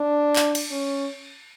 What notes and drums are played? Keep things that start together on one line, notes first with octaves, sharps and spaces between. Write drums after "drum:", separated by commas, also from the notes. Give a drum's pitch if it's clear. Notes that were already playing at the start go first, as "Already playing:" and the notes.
Already playing: D4
drum: clap
drum: cymbal
C#4